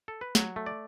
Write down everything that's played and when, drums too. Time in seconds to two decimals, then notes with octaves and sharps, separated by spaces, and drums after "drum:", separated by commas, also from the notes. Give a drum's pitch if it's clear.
0.08 A4
0.21 B4
0.35 F#3 C#5, drum: snare
0.56 A3
0.66 D5